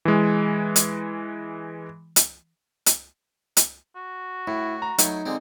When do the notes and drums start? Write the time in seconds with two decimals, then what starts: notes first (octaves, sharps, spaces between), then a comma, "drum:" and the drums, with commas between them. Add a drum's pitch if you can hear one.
0.05 E3 G#3
0.76 drum: hi-hat
2.16 drum: hi-hat
2.86 drum: hi-hat
3.57 drum: hi-hat
3.96 F#4
4.47 A2 E4
4.82 A#5
4.98 F#3 A3 D#4 E4, drum: hi-hat
5.26 D3 G#3 C4